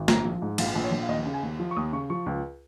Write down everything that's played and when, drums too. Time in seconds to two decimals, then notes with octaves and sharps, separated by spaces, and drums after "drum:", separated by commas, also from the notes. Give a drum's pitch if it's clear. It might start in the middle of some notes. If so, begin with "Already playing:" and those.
Already playing: G#1
0.08 A#1 A#5, drum: snare
0.24 F3
0.42 G#2
0.58 A#1 F5, drum: cymbal
0.75 A#1
0.84 C#5
0.92 A#1
1.03 F5
1.08 D#2 D#5
1.26 C#3
1.34 G#5
1.43 D#2
1.59 F3
1.71 C#6
1.76 D#2 D#6
1.93 C#3 C#6
2.10 F3 C#6
2.26 C#2